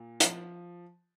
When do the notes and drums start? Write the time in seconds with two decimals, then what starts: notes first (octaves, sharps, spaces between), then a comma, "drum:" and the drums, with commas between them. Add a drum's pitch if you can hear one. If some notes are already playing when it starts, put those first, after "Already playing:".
Already playing: A#2
0.20 F3, drum: hi-hat